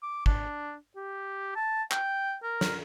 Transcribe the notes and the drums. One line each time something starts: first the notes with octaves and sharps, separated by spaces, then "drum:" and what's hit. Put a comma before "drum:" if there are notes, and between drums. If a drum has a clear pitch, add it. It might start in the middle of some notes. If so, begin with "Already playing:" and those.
D6
D4, drum: kick G#1
G4
A5
G5, drum: clap
A#4
drum: snare